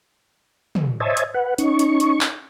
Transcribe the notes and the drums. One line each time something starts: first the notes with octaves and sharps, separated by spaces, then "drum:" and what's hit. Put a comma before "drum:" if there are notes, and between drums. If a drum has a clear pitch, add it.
drum: tom
C5 C#5 D#5 E5 G#5 A5
drum: hi-hat
B4 F#5
C#4 D#4 C#6, drum: hi-hat
drum: hi-hat
drum: hi-hat
drum: clap